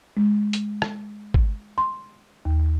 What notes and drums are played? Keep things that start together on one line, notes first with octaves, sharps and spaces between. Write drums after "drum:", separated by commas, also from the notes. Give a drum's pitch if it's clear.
G#3
drum: hi-hat
drum: rim click
drum: kick
C6
D#2